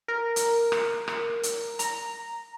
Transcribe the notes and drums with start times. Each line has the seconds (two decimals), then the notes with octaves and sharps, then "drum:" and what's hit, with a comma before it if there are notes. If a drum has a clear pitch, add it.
0.08 A#4
0.36 drum: hi-hat
0.72 drum: rim click
1.08 drum: rim click
1.43 drum: hi-hat
1.79 A#5, drum: hi-hat